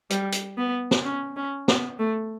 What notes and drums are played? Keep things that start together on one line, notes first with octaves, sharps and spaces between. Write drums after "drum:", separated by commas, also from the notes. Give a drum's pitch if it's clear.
G3, drum: hi-hat
drum: hi-hat
B3
drum: snare
C#4
C#4
B3, drum: snare
A3